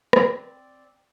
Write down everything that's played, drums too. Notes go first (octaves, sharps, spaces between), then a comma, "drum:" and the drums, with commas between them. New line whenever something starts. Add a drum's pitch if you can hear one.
C4 D5, drum: rim click